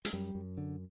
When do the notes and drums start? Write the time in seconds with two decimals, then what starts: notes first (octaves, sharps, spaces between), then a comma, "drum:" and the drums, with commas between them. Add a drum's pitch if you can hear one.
0.05 G#3, drum: hi-hat
0.13 F#2 G3
0.35 F#2
0.58 D3